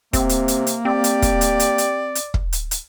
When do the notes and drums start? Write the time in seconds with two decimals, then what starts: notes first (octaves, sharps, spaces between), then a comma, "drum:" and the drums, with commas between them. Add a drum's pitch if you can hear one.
0.13 C3 A#3 C4, drum: kick, hi-hat
0.29 drum: hi-hat
0.48 drum: hi-hat
0.67 drum: hi-hat
0.85 C4 G4 D5
1.04 drum: hi-hat
1.22 drum: kick, hi-hat
1.41 drum: hi-hat
1.60 drum: hi-hat
1.78 drum: hi-hat
2.15 drum: hi-hat
2.34 drum: kick
2.53 drum: hi-hat
2.71 drum: hi-hat